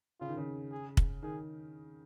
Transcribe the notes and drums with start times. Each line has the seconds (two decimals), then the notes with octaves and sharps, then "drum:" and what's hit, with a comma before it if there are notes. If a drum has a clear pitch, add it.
0.21 C#3 F4
0.29 D#3
0.37 C#3
0.72 G#4
0.97 drum: kick
1.22 D#3 G#4